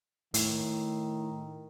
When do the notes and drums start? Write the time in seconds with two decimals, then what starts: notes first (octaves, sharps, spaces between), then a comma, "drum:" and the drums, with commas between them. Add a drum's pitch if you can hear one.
0.34 A2 D#3, drum: hi-hat